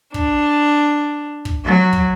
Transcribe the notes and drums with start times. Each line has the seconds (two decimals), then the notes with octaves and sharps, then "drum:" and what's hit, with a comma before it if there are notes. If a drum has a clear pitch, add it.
0.14 D4, drum: kick
1.45 drum: kick
1.66 F#3
1.93 drum: kick